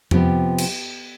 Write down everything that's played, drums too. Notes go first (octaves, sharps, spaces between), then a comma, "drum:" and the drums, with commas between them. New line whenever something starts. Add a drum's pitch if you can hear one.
C3 F3 B3 G4, drum: tom F2
drum: cymbal